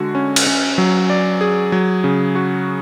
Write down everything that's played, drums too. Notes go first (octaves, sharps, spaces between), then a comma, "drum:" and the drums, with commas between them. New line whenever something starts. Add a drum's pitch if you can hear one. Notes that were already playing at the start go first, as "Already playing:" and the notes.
Already playing: D3 G#3 F#4
C#4
drum: cymbal
C#4
F#3
D5
G#4
F#3
C#3
F#4